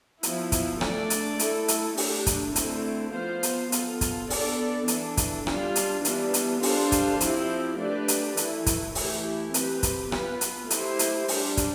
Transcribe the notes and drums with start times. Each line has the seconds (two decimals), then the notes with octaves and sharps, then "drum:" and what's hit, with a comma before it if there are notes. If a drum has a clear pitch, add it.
0.23 F3 B3 E4, drum: hi-hat
0.52 drum: kick, hi-hat
0.81 A3 D4 A4 D5, drum: rim click
1.10 drum: hi-hat
1.39 A3 E4 A4, drum: hi-hat
1.68 drum: hi-hat
1.97 A3 D4 G4, drum: open hi-hat
2.26 drum: kick, hi-hat
2.56 D3 A3 C4 E4, drum: hi-hat
3.13 F3 B3 F4 C5
3.43 drum: hi-hat
3.72 B3 F4 A4, drum: hi-hat
4.01 drum: kick, hi-hat
4.30 B3 D4 A4 D5, drum: open hi-hat
4.88 E3 B3 D4 A4, drum: hi-hat
5.17 drum: kick, hi-hat
5.47 G3 D4 F4, drum: rim click
5.76 drum: hi-hat
6.05 E3 G3 B3 D4, drum: hi-hat
6.34 drum: hi-hat
6.63 G3 D4 F4 A4 C5, drum: open hi-hat
6.92 drum: kick, hi-hat
7.21 F3 C4 E4 G4, drum: hi-hat
7.79 A3 D4 G4 B4 D5
8.08 drum: hi-hat
8.37 E3 A3 E4, drum: hi-hat
8.66 drum: kick, hi-hat
8.95 E3 A3 E4 G4, drum: open hi-hat
9.54 C4 G4 B4, drum: hi-hat
9.83 drum: kick, hi-hat
10.12 B3 F4 B4, drum: rim click
10.41 drum: hi-hat
10.70 A3 E4 G4 C5, drum: hi-hat
10.99 drum: hi-hat
11.28 G3 D4 G4, drum: open hi-hat
11.57 drum: kick, hi-hat